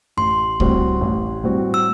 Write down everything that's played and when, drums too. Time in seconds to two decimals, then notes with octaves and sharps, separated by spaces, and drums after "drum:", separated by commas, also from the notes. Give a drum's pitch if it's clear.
0.17 A1 C6
0.60 A2 G3 C4 F#4, drum: kick C2
1.01 A1
1.44 A2 G3 C4 F#4
1.74 E6